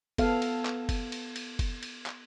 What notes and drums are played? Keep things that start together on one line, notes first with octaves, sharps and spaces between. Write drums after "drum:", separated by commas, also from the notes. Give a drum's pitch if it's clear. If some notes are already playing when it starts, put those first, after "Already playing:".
B3 A4 F5, drum: kick F#1, cymbal
drum: cymbal
drum: clap
drum: kick F#1, cymbal
drum: cymbal
drum: cymbal
drum: kick F#1, cymbal
drum: cymbal
drum: clap